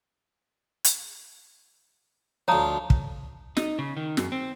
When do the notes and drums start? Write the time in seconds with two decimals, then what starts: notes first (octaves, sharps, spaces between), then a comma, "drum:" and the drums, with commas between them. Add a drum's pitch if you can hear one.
0.84 drum: hi-hat
2.48 D2 F3 C#5 A#5 D#6
2.90 drum: kick
3.57 D#4, drum: snare
3.79 C#3
3.97 D#3
4.17 F#2, drum: snare
4.32 C4